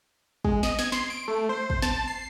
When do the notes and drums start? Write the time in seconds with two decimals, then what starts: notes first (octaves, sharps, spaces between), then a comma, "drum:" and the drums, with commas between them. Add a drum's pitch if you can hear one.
0.44 G#3, drum: kick
0.63 D#5, drum: snare
0.79 G#6, drum: snare
0.92 C6, drum: snare
1.10 D7
1.28 A3
1.49 C5
1.70 drum: kick
1.82 A5, drum: snare
2.08 C7